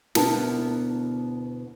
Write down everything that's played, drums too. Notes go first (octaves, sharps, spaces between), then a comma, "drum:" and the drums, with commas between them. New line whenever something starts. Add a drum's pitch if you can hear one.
D2 B2 B3 E4 A#4 A5, drum: snare